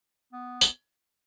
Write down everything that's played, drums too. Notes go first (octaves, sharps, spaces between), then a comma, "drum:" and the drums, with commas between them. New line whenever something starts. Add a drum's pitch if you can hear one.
B3
drum: tambourine